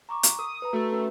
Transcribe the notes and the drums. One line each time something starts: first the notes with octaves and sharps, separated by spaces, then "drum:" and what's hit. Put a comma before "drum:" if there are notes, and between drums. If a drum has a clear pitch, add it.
A#5 C#6 D6
drum: hi-hat
A#4 D#6
B4 A#5
A3 F#4 E6
C#4 A#4 B4